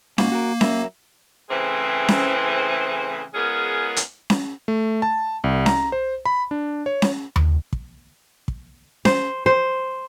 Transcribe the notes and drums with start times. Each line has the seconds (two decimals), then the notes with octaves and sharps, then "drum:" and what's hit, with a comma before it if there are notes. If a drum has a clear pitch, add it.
0.18 G#2 A#3 F#4, drum: snare C#4
0.32 F#4 G4 A#4
0.61 F#3 A#4 E5, drum: snare C#4
1.49 A2 C#3 E3 C4 G#4 C5
2.08 drum: snare C#4
3.34 G#3 B3 C#4 F4 G#4 A#4
3.96 drum: hi-hat
4.30 drum: snare C#4
4.68 A3
5.02 A5
5.44 C2
5.66 A#5, drum: snare C#4
5.92 C5
6.25 B5
6.51 D4
6.86 C#5
7.02 drum: snare C#4
7.36 drum: tom D#2
7.73 drum: kick
8.48 drum: kick
9.05 C5, drum: snare C#4
9.46 C5